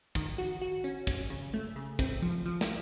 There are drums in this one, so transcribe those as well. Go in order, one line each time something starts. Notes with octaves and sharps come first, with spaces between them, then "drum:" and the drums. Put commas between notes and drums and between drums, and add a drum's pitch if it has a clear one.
D#3, drum: kick, hi-hat
F#4
F#4
C#4
C#4, drum: kick, hi-hat
C#3
A3
C#3
C4, drum: kick, hi-hat
F3
F3
drum: snare